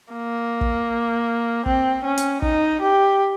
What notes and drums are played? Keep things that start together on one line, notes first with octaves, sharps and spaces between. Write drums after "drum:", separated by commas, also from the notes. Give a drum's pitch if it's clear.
A#3
drum: kick
C4, drum: kick
C#4
drum: hi-hat
D#4, drum: kick
G4